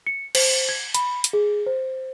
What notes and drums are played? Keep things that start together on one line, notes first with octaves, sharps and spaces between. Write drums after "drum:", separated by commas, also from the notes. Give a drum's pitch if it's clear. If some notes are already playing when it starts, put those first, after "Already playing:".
C#7
C5, drum: cymbal
G#6
B5, drum: hi-hat
drum: hi-hat
G#4
C5